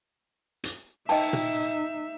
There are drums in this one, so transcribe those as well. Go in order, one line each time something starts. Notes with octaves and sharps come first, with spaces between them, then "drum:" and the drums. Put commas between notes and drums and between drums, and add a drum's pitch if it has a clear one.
drum: hi-hat
D#4 D#5 E5 G5 A5, drum: open hi-hat
drum: tom A#2